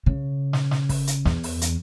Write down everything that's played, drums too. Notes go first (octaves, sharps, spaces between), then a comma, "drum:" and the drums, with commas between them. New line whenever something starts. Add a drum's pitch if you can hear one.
C#3
drum: snare
drum: snare
drum: kick, open hi-hat
drum: hi-hat
E2, drum: snare
drum: open hi-hat
drum: hi-hat